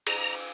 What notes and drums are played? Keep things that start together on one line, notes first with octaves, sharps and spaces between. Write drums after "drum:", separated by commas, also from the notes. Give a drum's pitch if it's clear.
A#5, drum: cymbal